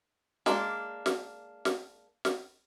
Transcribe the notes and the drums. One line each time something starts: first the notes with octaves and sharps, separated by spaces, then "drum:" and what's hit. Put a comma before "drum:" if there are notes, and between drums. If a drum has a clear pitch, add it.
G#3 A#3 D4, drum: snare
drum: snare
drum: snare
drum: snare